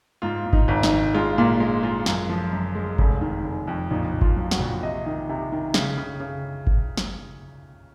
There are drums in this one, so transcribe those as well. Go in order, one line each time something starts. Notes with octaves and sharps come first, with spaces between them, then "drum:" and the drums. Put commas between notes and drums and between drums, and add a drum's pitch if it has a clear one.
G#2 F4
G#2
D#4, drum: kick G1
G#1
D#4, drum: snare
D#3
G#3 F4
A#2 F4
G#3
G#3 F4
F#2, drum: snare
F3
F#2
G#3
F1, drum: kick G1
D#3
F1
F2
A#1 D#4
A#1
F4, drum: kick G1
F#3
F#4, drum: snare
A#1
C3 D#5
D#3
C3
D#3
C#3, drum: snare
C#3
C#3
drum: kick G1
drum: snare